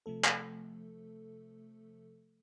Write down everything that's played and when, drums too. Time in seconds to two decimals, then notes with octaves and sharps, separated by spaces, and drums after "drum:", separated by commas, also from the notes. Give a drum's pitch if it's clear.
0.06 C3 F3 A3 A4
0.24 drum: clap